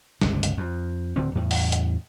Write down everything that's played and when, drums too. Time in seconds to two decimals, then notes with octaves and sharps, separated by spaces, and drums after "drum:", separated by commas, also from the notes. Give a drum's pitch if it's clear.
0.22 G1 C#2 C3, drum: snare
0.43 drum: hi-hat
0.57 F2
1.16 D1 D3 C4
1.35 E2 A2
1.51 drum: open hi-hat
1.72 drum: hi-hat